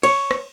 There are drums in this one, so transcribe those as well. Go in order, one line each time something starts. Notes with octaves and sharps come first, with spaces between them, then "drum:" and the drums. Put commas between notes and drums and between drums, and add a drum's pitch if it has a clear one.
C#5, drum: cymbal
drum: rim click